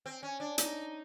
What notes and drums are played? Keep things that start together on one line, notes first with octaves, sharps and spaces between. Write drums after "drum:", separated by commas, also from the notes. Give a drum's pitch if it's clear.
C4
C#4
D4
D#4, drum: hi-hat